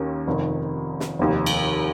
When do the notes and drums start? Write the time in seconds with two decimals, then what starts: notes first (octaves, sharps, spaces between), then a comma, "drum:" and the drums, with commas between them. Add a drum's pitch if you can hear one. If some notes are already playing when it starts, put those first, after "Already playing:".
Already playing: D#2 D#3 C#4 A#4
0.27 F1 F2 D#3
1.00 drum: snare
1.19 F1 D#2 D#3
1.46 drum: cymbal